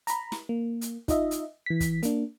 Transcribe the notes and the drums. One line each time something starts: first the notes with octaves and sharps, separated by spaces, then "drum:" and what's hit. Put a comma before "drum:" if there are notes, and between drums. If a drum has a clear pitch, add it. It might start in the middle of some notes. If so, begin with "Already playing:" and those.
A#5 B5, drum: hi-hat
drum: snare
A#3
drum: hi-hat
D#4 F4 D#5 E5, drum: kick, hi-hat
drum: hi-hat
E3 B6
drum: kick, hi-hat
A#3 D4, drum: hi-hat